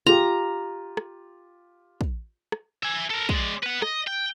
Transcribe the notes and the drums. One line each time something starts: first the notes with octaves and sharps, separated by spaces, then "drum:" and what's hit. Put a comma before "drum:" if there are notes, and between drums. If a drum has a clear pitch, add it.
F4 G4 A#5
drum: rim click
drum: kick
drum: rim click
E5 G#5
A4 A#4
G#3 D5, drum: kick
B4 F#5
D#5, drum: rim click
G5